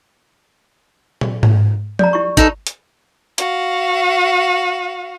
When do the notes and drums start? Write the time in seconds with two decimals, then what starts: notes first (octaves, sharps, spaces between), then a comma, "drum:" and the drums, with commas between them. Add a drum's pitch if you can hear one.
1.21 drum: tom
1.43 drum: tom G#2
1.99 D5 A#5, drum: tom F3
2.13 E4 G4 C#6
2.37 D#4 A4 B4, drum: kick
2.67 drum: hi-hat
3.38 F#4 F5, drum: hi-hat